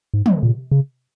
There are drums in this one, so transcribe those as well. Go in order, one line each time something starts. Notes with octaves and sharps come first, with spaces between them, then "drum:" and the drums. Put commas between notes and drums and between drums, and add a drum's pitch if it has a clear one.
G#2
drum: tom
A#2
C#3